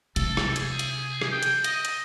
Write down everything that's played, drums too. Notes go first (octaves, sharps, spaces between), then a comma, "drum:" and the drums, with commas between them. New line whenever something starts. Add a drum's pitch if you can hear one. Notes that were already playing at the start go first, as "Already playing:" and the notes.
C3 A4, drum: hi-hat
drum: rim click
G#4, drum: hi-hat
drum: hi-hat
drum: rim click
G5
drum: hi-hat
D#5, drum: hi-hat
drum: hi-hat